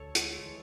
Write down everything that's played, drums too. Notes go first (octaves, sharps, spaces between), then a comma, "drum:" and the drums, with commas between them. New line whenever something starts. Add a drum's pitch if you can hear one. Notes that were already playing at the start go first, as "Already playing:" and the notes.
Already playing: D2 A4 C#5
G#3, drum: hi-hat
E3